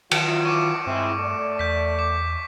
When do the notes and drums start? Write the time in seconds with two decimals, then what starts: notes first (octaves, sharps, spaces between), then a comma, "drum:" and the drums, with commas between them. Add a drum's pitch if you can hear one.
0.11 D#3 E3 F#3 F4 C#7 D7 E7, drum: cymbal
0.45 C#6 D6
0.87 G2 G#3 C4 E4
1.20 A3 D5
1.59 E2 G6 B6
1.99 D6